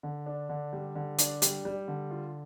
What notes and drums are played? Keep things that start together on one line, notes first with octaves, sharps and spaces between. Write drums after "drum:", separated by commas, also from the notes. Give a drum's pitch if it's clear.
D3
D4
D3
G3
D3
D4, drum: hi-hat
G3, drum: hi-hat
G3
D3
F4